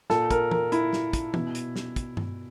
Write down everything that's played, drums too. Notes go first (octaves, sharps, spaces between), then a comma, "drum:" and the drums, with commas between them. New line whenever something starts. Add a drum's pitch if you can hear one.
A#2 A4, drum: snare
A#4, drum: kick, hi-hat
A#4, drum: tom E3
E4, drum: hi-hat
drum: snare
drum: kick, hi-hat
B2, drum: tom E3
drum: hi-hat
drum: snare
drum: kick, hi-hat
drum: tom G2